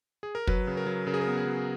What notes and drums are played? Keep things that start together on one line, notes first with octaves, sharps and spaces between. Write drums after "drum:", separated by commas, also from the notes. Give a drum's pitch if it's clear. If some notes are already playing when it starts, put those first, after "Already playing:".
G#4
A#4
F#3 B4, drum: kick
C#3
A#4
F#3
C#3 A#4
G#4
A#4
B3
G#4
F#3